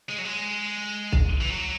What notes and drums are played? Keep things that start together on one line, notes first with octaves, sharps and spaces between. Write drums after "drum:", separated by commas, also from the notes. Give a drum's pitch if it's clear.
G#3
F#3
G#3
drum: kick B1
E3
F#3